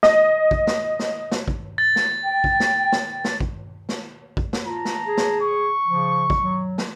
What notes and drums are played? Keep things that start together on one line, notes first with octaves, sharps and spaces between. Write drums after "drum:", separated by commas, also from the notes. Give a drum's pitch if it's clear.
D#5, drum: snare
drum: kick
drum: snare
drum: snare
drum: snare
drum: kick
A6
drum: snare
G5
drum: kick
drum: snare
drum: snare
drum: snare
drum: kick
drum: snare
drum: kick
drum: snare
F4 A5 A#5
drum: snare
G#4
drum: snare
C#6
C#3 F3
drum: kick
F#3
drum: snare